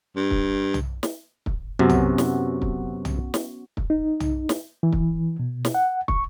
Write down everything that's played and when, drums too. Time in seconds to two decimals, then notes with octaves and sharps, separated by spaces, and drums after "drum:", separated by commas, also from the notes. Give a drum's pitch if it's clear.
0.16 G2
0.31 drum: kick
0.74 drum: tom
1.03 drum: snare
1.46 drum: kick
1.79 F#2 C3 B3 C#4 F#4
1.89 drum: tom
2.18 drum: snare
2.62 drum: kick
3.05 drum: tom
3.34 drum: snare
3.77 drum: kick
3.90 D#4
4.20 drum: tom
4.49 drum: snare
4.83 E3
4.92 drum: kick
5.40 B2
5.65 drum: snare
5.75 F#5
6.08 C#6, drum: kick